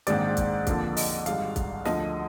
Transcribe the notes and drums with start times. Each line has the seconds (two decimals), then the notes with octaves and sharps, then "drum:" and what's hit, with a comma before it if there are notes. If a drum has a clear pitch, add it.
0.07 A#1 G#2 D#3 G#3 C4 D5, drum: hi-hat
0.37 drum: kick, hi-hat
0.67 F2 D3 F3 A#3, drum: kick, hi-hat
0.97 D#5, drum: open hi-hat
1.26 G#1 G#2 G3 F5, drum: hi-hat
1.56 drum: kick, hi-hat
1.85 D2 D3 F3 D#5, drum: snare